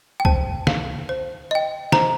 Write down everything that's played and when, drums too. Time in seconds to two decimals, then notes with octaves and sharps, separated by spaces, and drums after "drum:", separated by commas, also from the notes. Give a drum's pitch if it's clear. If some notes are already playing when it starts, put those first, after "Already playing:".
0.20 G5
0.25 C5 A5, drum: kick C2
0.67 F5, drum: snare
1.09 C5
1.51 D#5 G5
1.92 C5 A#5, drum: snare